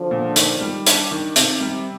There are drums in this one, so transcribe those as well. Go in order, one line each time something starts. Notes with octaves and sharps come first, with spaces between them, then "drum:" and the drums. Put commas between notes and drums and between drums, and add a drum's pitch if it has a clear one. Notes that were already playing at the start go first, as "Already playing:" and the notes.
Already playing: D3 F3
A#2
D#3, drum: hi-hat
G3
D4, drum: hi-hat
D#3
C3, drum: hi-hat
G3